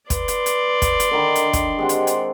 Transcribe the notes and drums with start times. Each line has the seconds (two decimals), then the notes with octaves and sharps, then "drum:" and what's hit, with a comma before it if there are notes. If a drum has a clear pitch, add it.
0.10 B4 D5 C6, drum: kick, hi-hat
0.28 drum: hi-hat
0.46 drum: hi-hat
0.82 drum: kick, hi-hat
1.00 drum: hi-hat
1.11 D3 D#3 A#4 B5
1.35 drum: hi-hat
1.53 drum: kick, hi-hat
1.79 G#3 C4 G4 F#5
1.89 drum: hi-hat
2.07 drum: hi-hat